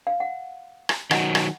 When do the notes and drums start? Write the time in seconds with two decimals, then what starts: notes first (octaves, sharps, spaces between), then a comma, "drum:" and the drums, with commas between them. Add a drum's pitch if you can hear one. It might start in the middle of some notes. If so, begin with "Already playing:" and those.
0.07 F5
0.20 F#5
0.89 drum: rim click
1.11 D#3 F#3 D#5 F#5, drum: rim click
1.35 drum: rim click